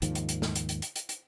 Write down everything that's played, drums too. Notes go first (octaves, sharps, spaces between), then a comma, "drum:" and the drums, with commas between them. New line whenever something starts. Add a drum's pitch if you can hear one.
D#2 G#2 D#3 F3, drum: hi-hat
drum: hi-hat
drum: hi-hat
drum: snare
drum: hi-hat
drum: hi-hat
drum: hi-hat
drum: hi-hat
drum: hi-hat